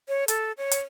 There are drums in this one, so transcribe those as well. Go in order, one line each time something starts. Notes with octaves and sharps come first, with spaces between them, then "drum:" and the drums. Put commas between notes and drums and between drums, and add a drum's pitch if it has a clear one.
C#5
A4, drum: hi-hat
C#5
drum: hi-hat